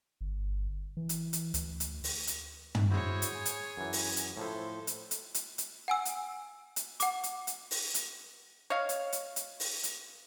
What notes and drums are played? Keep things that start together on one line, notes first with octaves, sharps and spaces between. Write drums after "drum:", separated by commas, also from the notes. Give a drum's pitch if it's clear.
G1
E3
drum: hi-hat
drum: hi-hat
D2, drum: hi-hat
drum: hi-hat
drum: open hi-hat
drum: hi-hat
drum: tom
E4 F#4 G#4 C5 C#5
drum: hi-hat
G#5
drum: hi-hat
F#2 E3
drum: open hi-hat
drum: hi-hat
A2 F3 E4 A4 C5
drum: hi-hat
drum: hi-hat
drum: hi-hat
drum: hi-hat
F#5 G#5 E6
drum: hi-hat
drum: hi-hat
F#5 D6, drum: hi-hat
drum: hi-hat
drum: hi-hat
drum: open hi-hat
drum: hi-hat
C#5 D#5 F5
drum: hi-hat
drum: hi-hat
drum: hi-hat
drum: open hi-hat
drum: hi-hat